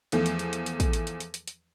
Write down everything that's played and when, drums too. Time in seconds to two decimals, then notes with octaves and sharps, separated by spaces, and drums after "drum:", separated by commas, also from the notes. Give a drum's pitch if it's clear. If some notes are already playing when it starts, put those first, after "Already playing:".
0.12 E2 F3 A3, drum: hi-hat
0.26 drum: hi-hat
0.39 drum: hi-hat
0.53 drum: hi-hat
0.66 drum: hi-hat
0.80 drum: kick, hi-hat
0.93 drum: hi-hat
1.07 drum: hi-hat
1.20 drum: hi-hat
1.34 drum: hi-hat
1.47 drum: hi-hat